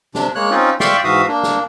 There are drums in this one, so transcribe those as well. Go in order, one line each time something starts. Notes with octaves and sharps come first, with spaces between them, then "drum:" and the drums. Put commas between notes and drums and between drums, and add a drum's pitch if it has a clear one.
C3 D4, drum: snare
G#3 A#3 C#5 F#6
C4 C#4 D#4 F4
D5 E5 F5 G5 C6 C#6, drum: snare
G#2 E3 F#4 E5 F5 D#6
A#3 D4
drum: snare